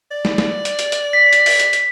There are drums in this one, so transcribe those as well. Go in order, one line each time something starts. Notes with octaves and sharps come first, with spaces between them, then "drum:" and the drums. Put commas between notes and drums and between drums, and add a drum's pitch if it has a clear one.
D5
drum: snare
drum: snare
drum: hi-hat
drum: hi-hat
drum: hi-hat
B6
drum: hi-hat
drum: open hi-hat
drum: hi-hat
drum: hi-hat